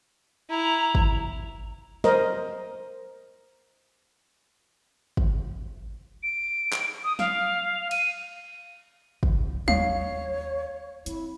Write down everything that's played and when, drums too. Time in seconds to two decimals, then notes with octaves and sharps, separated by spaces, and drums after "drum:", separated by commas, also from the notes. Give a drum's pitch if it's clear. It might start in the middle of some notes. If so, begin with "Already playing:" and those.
0.50 E4 A#5
0.95 drum: kick
2.04 A#4 C5 D#5, drum: snare
5.17 drum: kick
6.23 D7
6.72 drum: clap
7.04 D#6
7.19 F5, drum: snare
7.91 D#7, drum: cymbal
9.23 D#1 C2, drum: kick
9.68 D#2 C#5 F5, drum: tom F#3
11.06 C4 E4, drum: hi-hat